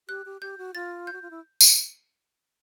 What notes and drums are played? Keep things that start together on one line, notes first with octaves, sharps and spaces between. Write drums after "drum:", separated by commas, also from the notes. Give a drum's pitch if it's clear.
G4 F#6
G4
G4 G6
F#4
F4 A6
G6
F#4
F4
E4
drum: tambourine